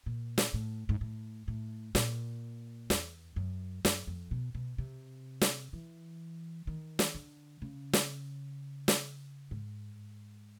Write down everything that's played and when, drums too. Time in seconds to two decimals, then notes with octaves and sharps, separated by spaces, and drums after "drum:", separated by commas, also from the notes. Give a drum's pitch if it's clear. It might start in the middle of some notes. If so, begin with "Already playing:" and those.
0.06 A#2
0.38 drum: snare
0.54 A2
0.89 G#2
1.01 A2
1.48 A2
1.95 A#2, drum: snare
2.90 E2, drum: snare
3.36 F#2
3.85 F#2, drum: snare
4.07 F2
4.31 B2
4.55 B2
4.78 C3
5.41 drum: snare
5.73 E3
6.67 D#3
6.99 drum: snare
7.15 D3
7.62 C#3
7.93 drum: snare
8.88 drum: snare
9.51 G#2